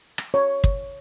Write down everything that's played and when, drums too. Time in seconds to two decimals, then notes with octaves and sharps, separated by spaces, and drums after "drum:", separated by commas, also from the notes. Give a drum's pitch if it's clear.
0.18 drum: rim click
0.34 C#5
0.64 drum: kick